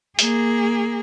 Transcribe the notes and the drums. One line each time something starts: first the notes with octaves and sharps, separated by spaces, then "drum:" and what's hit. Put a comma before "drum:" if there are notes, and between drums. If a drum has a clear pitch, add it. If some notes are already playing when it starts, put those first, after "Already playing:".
A#3 G#4, drum: hi-hat